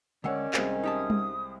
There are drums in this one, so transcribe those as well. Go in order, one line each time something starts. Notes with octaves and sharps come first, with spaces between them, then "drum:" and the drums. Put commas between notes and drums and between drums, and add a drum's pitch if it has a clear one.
D2 D#3 G#3 C#4 C#5 D5 F#5 E6
C2 G#3 C4 G#4 A#4 F5, drum: clap
D#4 G4 A5 D#6
drum: tom G3